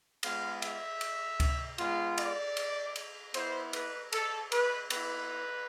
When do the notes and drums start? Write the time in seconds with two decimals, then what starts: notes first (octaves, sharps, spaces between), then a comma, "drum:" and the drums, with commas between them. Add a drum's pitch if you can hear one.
0.23 G#3 B3 F4 F5, drum: cymbal
0.62 E5, drum: cymbal
1.01 drum: cymbal
1.40 drum: kick C#2, cymbal
1.78 G#3 B3 F4, drum: cymbal
2.18 D5, drum: cymbal
2.57 drum: cymbal
2.96 drum: cymbal
3.34 B3 E4 C5, drum: cymbal
3.73 B4, drum: cymbal
4.12 A4, drum: cymbal
4.52 B4, drum: cymbal
4.90 B3 E4 B4, drum: cymbal